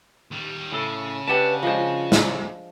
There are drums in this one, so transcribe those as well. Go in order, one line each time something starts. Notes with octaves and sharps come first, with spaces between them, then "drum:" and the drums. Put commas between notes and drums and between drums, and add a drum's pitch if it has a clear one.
D#2 G3
A2 C#3 A4
D4 G4 B4 E5 F#5 A5
F3 G#3 F#4 C5 D#5
F4
drum: snare